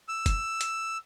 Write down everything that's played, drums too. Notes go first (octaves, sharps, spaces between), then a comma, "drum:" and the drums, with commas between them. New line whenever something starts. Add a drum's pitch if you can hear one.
E6
drum: kick, hi-hat
drum: hi-hat